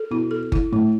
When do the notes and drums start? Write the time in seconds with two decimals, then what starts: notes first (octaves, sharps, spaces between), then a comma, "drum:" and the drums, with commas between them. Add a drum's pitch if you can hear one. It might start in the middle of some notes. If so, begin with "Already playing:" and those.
Already playing: A4
0.11 B2 E4
0.31 A4
0.52 E4, drum: kick G1
0.72 A2 E4